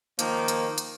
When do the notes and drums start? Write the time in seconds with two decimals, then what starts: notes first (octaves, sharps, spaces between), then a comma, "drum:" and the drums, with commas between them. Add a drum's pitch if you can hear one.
0.19 D#3 F3 A#3, drum: hi-hat
0.48 drum: hi-hat
0.78 drum: hi-hat